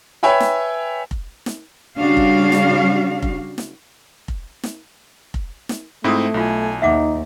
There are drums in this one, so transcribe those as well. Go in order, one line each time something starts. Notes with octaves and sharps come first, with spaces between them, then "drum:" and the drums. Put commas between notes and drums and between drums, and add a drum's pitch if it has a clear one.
B4 C#5 E5 G5 G#5 B5
drum: snare
drum: kick F1
drum: snare
C#3 G3 D4 F#4 F5
drum: kick F1
drum: snare
drum: kick F1
drum: snare
drum: kick F1
drum: snare
drum: kick F1
drum: snare
G#2 A3 C4 E4 F4 D#6
B1 E4 F4 A4 G#5
D#2 D#4 E5 F#5 D6